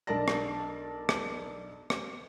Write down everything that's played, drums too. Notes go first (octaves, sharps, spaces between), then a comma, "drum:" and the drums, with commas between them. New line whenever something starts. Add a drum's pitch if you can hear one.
B1 D4 A#4 D5 A5 A#6
drum: rim click
drum: rim click
drum: rim click